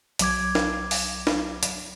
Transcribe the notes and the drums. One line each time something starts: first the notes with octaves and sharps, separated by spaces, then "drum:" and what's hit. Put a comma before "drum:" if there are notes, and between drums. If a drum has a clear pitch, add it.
B1 F#3 D6 G#6, drum: hi-hat
drum: snare
drum: open hi-hat
drum: snare
drum: hi-hat